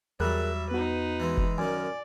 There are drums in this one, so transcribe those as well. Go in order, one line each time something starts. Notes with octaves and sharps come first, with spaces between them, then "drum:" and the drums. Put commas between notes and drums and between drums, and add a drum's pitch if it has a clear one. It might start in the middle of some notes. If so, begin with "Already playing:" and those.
E2 F#3 G3 G#4 A#4 E5 F#6
B3 D#4 F#4 B4
E3 G#3
drum: kick F1
F#2 D#3 D5 G#5